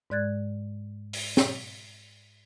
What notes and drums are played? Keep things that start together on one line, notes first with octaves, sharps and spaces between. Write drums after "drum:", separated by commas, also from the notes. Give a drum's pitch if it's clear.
G#2 G#3 D5 F#6 G#6 A6
drum: open hi-hat
drum: snare